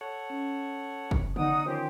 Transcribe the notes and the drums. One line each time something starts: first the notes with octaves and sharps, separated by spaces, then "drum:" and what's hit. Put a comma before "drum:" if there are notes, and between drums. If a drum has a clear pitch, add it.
A4 C#5 F#5
C#4
drum: kick
D3 B3 D#4 F#5 D#6, drum: tom
D#3 F3 C#4 G4 C5